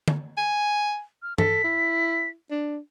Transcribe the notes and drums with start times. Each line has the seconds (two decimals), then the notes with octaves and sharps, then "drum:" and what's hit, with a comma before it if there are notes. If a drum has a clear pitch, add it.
0.08 drum: tom
0.37 G#5
1.23 F6
1.38 A4 B6, drum: tom
1.64 E4
2.50 D4